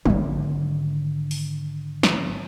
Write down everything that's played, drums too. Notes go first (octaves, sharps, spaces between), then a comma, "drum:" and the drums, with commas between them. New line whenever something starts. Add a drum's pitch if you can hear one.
G#1 D3, drum: tom
drum: open hi-hat
drum: snare